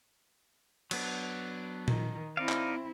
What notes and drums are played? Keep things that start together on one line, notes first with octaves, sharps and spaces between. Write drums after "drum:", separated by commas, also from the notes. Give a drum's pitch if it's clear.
F#3 B3 D4, drum: cymbal
D#3, drum: tom A#2
C4 D#4 E4 D5 F5
drum: clap